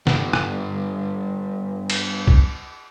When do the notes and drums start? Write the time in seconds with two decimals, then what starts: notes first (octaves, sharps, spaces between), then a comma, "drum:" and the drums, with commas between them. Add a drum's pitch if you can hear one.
0.07 G2 B3, drum: snare
0.33 drum: rim click
1.90 drum: cymbal
2.27 drum: kick